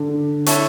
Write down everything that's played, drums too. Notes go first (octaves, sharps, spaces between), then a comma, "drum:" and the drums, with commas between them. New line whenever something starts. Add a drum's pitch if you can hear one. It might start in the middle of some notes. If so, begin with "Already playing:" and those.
Already playing: D3
E4 A4 C#5, drum: hi-hat